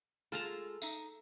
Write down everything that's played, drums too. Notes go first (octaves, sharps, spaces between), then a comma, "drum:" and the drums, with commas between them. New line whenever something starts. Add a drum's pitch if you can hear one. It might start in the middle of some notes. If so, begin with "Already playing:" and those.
G#3 F4 G#4 A4 A5 A#5
D#4 E5, drum: tambourine